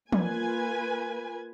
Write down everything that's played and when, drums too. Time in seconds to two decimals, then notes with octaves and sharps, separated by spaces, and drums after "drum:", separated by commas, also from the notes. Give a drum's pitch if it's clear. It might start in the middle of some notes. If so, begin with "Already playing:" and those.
0.12 A#3 F4 B4 G#5, drum: tom